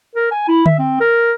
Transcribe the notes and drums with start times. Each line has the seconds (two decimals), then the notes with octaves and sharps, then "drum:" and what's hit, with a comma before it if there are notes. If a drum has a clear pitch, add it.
0.15 A#4
0.31 G#5
0.48 E4
0.66 E5, drum: tom D3
0.79 C4
1.00 A#4